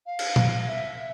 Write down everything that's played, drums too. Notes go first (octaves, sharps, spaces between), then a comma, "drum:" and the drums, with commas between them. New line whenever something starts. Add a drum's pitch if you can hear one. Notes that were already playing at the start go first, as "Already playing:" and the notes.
F5
drum: cymbal
drum: tom
E5